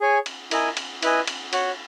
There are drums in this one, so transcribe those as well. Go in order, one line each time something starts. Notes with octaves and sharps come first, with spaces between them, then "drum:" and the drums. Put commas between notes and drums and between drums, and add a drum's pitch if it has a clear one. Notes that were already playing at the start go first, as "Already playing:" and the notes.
G#4 C#5 G#5
drum: cymbal
E4 A#4 D#5 G#5, drum: cymbal
drum: cymbal
E4 B4 D#5 G#5, drum: cymbal
drum: cymbal
F#4 C#5 F#5, drum: cymbal